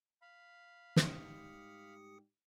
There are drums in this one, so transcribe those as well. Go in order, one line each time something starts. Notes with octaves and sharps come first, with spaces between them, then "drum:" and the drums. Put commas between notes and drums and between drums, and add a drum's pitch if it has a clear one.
F5 B5
G#2 G3 G4 D#6 C#7, drum: snare